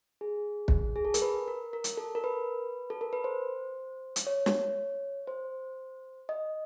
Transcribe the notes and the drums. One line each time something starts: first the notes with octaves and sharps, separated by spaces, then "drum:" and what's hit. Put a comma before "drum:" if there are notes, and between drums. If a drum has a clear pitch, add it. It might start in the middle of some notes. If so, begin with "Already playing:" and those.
G#4
drum: kick
G#4
A4
A#4, drum: hi-hat
B4
A#4
A#4
drum: hi-hat
A4
A#4
B4
A4
A#4
B4
C5
drum: hi-hat
C#5
drum: snare
C5
D#5